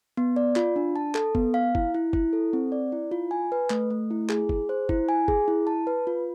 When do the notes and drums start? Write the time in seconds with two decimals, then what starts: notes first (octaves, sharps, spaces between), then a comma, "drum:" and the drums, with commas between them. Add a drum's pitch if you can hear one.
0.17 B3
0.36 D5
0.56 F4, drum: clap
0.76 D4
0.96 A5
1.15 A4, drum: clap
1.35 B3, drum: kick
1.54 F5
1.75 E4, drum: kick
1.94 E4
2.13 E4, drum: kick
2.33 A4
2.53 C4
2.72 D5
2.92 E4
3.12 F4
3.31 G#5
3.52 B4
3.70 A3, drum: clap
3.90 A3
4.10 E4
4.29 G#4, drum: clap
4.49 G#4, drum: kick
4.69 C5
4.89 E4, drum: kick
5.09 G#5
5.28 G#4, drum: kick
5.48 E4
5.67 A5
5.87 B4
6.07 F4